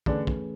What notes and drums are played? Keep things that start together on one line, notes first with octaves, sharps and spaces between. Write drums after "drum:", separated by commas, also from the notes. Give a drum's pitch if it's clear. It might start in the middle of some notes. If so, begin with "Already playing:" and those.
D3 E3 A3 C#4 D4 G#4 B4, drum: kick
drum: kick